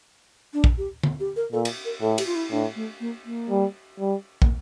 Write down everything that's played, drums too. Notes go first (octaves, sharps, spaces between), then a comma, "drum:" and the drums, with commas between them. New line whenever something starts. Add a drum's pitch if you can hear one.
D4
drum: kick
G4
drum: tom D3
G4
A#4
A#2 A4
drum: cymbal
A#4
A2 A4
G4, drum: cymbal
F4
E4
A2 D4
A3
A#3
A#3
G3
G3
A#3, drum: kick